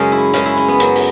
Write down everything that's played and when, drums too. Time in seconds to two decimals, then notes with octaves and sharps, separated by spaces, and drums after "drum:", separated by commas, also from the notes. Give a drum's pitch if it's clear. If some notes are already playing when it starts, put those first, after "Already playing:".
Already playing: F#2 C#3 G#3 C#4
0.12 E4
0.34 F#2 C#3 G#3 C#4, drum: hi-hat
0.46 E4
0.57 C#4
0.68 B3
0.80 F#2 F#3, drum: hi-hat
0.96 drum: open hi-hat